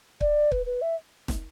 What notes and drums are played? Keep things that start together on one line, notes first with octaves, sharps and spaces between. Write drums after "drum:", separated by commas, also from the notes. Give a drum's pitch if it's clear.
D5, drum: kick
B4, drum: kick
B4
E5
drum: snare